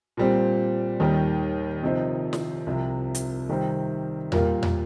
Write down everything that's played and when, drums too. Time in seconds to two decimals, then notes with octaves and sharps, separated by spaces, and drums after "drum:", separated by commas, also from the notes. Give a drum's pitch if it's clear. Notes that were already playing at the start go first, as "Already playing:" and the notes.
0.17 A#2 G3 C4
1.00 D#2 D#3 G3
1.83 C3 F3 D#4 C5
2.33 drum: snare
2.67 C2 C3 F3
3.15 drum: hi-hat
3.49 C3 D#3 G3 C4
4.32 A#2 G3 A#3 F4 A#4, drum: tom E2
4.63 drum: tom E2